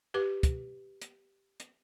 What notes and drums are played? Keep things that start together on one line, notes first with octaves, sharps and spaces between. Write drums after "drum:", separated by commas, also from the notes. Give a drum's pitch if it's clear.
G4 B4 D6
drum: kick, hi-hat
drum: hi-hat
drum: hi-hat